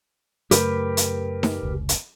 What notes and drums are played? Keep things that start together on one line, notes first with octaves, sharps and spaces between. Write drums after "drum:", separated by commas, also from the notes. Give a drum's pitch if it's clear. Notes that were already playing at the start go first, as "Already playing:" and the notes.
F#2 C#3 A3 G4 A#4 B4, drum: hi-hat
drum: hi-hat
drum: snare D#4
F1 C#2
drum: hi-hat